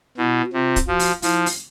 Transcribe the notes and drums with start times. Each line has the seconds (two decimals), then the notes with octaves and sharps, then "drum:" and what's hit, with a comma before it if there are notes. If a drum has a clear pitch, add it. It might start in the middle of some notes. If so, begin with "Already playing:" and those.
0.17 B2 E4
0.46 F#4
0.53 C3 F4
0.76 drum: kick, hi-hat
0.87 F3 F#4
0.99 drum: open hi-hat
1.22 F3 E4, drum: open hi-hat
1.46 drum: open hi-hat